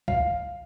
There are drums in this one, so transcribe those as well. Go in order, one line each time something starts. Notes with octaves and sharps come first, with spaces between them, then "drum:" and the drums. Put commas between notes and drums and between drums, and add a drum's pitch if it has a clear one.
F5, drum: kick C2